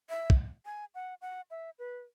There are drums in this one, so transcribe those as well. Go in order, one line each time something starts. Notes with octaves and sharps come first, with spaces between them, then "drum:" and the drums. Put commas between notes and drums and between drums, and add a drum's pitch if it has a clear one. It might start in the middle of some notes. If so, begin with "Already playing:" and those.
E5
drum: kick
G#5
F#5
F#5
E5
B4